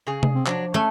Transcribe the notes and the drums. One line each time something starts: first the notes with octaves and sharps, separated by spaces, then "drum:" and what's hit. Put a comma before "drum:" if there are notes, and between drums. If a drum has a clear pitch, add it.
C#3 G#4
drum: tom C3
C4
F3 F#3 D4, drum: clap
A3 C#4